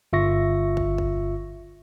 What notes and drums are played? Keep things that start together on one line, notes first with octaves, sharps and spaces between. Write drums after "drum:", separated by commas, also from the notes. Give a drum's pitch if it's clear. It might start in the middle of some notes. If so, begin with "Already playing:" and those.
G1 F4 E5 C#6 A#6
drum: kick
drum: kick